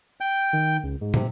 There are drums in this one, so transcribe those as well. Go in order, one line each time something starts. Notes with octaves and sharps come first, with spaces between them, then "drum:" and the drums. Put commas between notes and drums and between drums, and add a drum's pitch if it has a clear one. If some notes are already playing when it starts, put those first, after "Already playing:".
G5 G6
D#3
C#2
G#2
C3, drum: tom